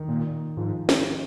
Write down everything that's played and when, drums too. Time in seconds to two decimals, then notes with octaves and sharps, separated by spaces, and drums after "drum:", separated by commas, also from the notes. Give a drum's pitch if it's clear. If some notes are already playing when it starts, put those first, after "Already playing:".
Already playing: D#3
0.08 A#2
0.57 G#2 F3
0.89 drum: snare